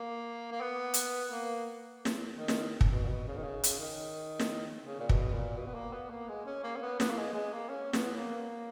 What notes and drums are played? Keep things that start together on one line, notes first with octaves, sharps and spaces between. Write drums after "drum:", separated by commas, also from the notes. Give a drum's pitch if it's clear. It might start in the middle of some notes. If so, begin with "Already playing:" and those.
Already playing: A#3
A#3
B3
drum: hi-hat
A#3
drum: snare
D#3
drum: snare
drum: kick
B2
A#2
B2
C#3
D#3
C#3
drum: hi-hat
D#3
drum: snare
C#3
A#2
B2, drum: kick
A#2
B2
B3
A#3
B3
A#3
G#3
C#4
A#3
C#4
B3
B3, drum: snare
A#3
G#3
G#3
A#3
C#4
B3, drum: snare
A#3